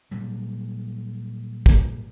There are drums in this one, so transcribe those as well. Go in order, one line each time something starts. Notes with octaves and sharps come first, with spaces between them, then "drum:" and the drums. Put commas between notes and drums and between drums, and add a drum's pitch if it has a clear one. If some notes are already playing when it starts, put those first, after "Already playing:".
A#2 F#3 G3
drum: kick